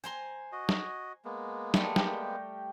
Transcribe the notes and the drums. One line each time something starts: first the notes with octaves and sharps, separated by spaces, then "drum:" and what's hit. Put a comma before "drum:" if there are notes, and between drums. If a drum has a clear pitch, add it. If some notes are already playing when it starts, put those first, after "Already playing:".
C5 G#5 A#5 C6
F#4 D#5
drum: snare
G#3 A#3 B3
G3 A3, drum: snare
G4 A#4 G5, drum: snare